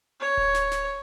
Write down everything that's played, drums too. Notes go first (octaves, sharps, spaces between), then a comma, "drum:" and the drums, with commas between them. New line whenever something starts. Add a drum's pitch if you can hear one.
C#5
drum: kick D1
drum: snare
drum: snare